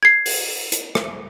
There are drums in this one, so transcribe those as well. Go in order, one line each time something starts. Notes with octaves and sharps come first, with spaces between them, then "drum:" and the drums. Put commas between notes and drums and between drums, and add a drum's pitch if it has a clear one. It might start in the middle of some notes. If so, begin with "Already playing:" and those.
G#6 C7
drum: open hi-hat
drum: hi-hat
drum: rim click